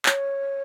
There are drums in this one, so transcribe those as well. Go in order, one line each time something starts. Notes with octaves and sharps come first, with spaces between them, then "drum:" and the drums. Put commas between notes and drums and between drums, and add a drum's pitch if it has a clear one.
C#5, drum: clap